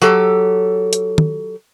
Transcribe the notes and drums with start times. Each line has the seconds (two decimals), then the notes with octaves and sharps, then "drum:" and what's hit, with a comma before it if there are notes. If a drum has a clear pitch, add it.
0.02 F#3 G4 A4, drum: tambourine
0.93 drum: hi-hat
1.18 drum: tom